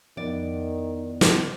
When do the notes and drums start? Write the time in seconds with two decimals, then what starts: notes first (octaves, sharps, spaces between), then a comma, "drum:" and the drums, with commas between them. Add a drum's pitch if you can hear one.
0.17 F2 D#3 B3 E4 D5 F#5
1.21 drum: snare